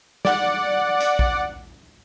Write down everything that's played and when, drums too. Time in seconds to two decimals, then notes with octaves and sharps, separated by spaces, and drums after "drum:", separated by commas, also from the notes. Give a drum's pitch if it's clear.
0.25 D5 F#5, drum: snare
1.00 drum: hi-hat
1.19 drum: kick A#1